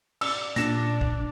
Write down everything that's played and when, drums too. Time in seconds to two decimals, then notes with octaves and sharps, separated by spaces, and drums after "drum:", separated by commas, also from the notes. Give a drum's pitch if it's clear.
0.21 D5 E6, drum: cymbal
0.56 A#2 D4 A#6 E7, drum: hi-hat
1.01 drum: kick